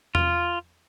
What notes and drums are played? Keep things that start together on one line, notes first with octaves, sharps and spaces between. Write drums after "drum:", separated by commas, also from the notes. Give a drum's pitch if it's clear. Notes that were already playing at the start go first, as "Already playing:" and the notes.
F4, drum: tom E2